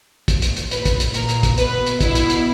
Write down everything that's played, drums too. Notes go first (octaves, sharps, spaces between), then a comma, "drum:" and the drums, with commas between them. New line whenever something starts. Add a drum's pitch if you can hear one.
A#2, drum: kick, hi-hat
drum: hi-hat
drum: hi-hat
A#2 B4, drum: hi-hat
drum: kick, hi-hat
drum: hi-hat
A#2 A#4, drum: hi-hat
drum: hi-hat
drum: kick, hi-hat
B2 B4, drum: hi-hat
drum: hi-hat
B2 E4, drum: kick, hi-hat
drum: hi-hat
drum: hi-hat